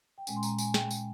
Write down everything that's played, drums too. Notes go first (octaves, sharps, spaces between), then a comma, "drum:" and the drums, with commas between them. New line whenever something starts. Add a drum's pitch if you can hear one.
G5
A#2 G#3 C#4 G#5, drum: tambourine
C6
A#5, drum: tambourine
G#5, drum: tambourine
G5, drum: snare
drum: tambourine